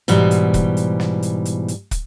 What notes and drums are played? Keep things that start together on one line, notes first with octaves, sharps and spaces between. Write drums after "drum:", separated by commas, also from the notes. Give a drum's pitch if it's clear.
G#2 B2 E3 G3, drum: hi-hat
drum: hi-hat
drum: kick, hi-hat
drum: hi-hat
drum: snare
drum: hi-hat
drum: hi-hat
drum: hi-hat
drum: kick, hi-hat